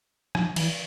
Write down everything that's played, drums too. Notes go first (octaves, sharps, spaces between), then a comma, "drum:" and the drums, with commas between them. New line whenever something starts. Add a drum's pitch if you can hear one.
F3, drum: rim click
E3, drum: cymbal